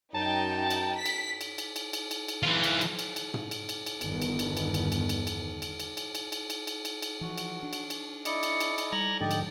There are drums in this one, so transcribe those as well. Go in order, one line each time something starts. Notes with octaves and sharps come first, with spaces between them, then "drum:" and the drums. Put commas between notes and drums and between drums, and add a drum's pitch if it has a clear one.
F#2 D#4 G5 A5
drum: cymbal
B6
drum: cymbal
drum: cymbal
drum: cymbal
drum: cymbal
drum: cymbal
drum: cymbal
drum: cymbal
E3 F4
drum: cymbal
drum: cymbal
drum: cymbal
drum: cymbal
drum: tom
drum: cymbal
drum: cymbal
drum: cymbal
G1 E2 G2 D3 D#3 B3, drum: cymbal
drum: cymbal
drum: cymbal
drum: cymbal
drum: cymbal
drum: cymbal
drum: cymbal
drum: cymbal
drum: cymbal
drum: cymbal
drum: cymbal
drum: cymbal
drum: cymbal
drum: cymbal
drum: cymbal
drum: cymbal
drum: cymbal
E3 F3 F#4
drum: cymbal
D4
drum: cymbal
drum: cymbal
E4 D5 D#5 C#7, drum: cymbal
drum: cymbal
drum: cymbal
drum: cymbal
G3 A#5 G#6 A#6 F#7
G#2 D3 F3 G4 D#5 G5 A6
drum: cymbal